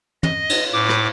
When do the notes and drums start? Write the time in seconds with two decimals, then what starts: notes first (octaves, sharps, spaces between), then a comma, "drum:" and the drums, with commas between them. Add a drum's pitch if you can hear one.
0.23 D#5, drum: tom
0.50 drum: cymbal
0.73 A2 D6
0.89 drum: rim click